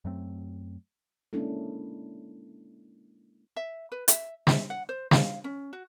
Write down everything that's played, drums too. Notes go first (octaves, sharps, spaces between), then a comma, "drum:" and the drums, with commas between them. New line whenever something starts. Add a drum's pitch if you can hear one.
F#2 F#3 A3 C4
G#3 A#3 C#4 D4 E4 A4
E5
B4
E5, drum: hi-hat
E5, drum: snare
F#5
C5
F5, drum: snare
C#4
F#4